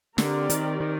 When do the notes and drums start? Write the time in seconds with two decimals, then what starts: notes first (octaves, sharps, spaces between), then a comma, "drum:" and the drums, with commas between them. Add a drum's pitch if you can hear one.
0.18 D3 C4 G4 A#4 D5, drum: snare
0.50 D#3, drum: hi-hat
0.80 D#3